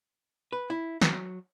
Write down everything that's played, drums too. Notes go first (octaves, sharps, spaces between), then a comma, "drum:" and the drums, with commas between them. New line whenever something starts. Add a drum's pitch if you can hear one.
B4
E4
F#3, drum: snare